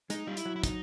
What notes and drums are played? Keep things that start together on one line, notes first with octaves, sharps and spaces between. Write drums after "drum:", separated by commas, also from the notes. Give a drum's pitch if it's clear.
G#3 D#4, drum: hi-hat
G3 F4
E4, drum: hi-hat
F#3
E4
D#4, drum: kick, hi-hat